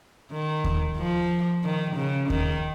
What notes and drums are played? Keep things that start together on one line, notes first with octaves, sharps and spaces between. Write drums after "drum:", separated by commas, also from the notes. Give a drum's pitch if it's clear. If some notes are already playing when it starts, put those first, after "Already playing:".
D#3
drum: kick D#2
F3
D#3
C#3
D#3, drum: kick D#2